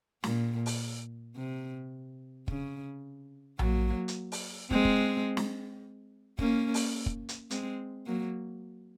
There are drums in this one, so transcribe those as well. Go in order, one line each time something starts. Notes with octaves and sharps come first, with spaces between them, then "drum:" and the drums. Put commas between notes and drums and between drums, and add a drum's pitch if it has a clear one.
A#2, drum: snare
drum: open hi-hat
C3
C#3, drum: kick
F#3 A#3, drum: tom A#1
drum: hi-hat
drum: open hi-hat
G#3 C4, drum: kick
drum: kick
drum: snare
A#3 C#4, drum: kick
drum: open hi-hat
drum: kick
drum: hi-hat
G#3 C4, drum: hi-hat
F#3 A#3